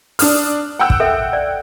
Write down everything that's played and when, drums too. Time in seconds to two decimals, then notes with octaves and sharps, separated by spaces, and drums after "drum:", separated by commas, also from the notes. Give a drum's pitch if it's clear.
0.19 D4 D#6 F6, drum: open hi-hat
0.79 F#5 G5 E6
0.90 drum: kick
1.00 A4 E5
1.33 D5